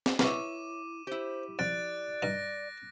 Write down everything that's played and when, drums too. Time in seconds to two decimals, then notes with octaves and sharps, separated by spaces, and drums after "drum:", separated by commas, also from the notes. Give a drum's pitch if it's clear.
0.06 drum: snare
0.19 E4 A#4 B4 C#5 E5 D6 D#7, drum: snare
1.07 E4 G4 C5
1.59 F2 D5 F#6 A6 D7
2.22 G2 D#4 A#6